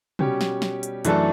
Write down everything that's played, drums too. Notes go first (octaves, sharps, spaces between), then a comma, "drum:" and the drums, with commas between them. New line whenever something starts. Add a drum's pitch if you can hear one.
B2 G3 C#4 G4, drum: tom C3
drum: snare
drum: snare
drum: hi-hat
F#2 E3 A3 D4 A4, drum: hi-hat